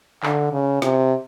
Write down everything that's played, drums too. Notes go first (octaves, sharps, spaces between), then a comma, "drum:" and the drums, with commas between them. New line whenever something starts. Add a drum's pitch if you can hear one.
D3, drum: clap
C#3
C3, drum: snare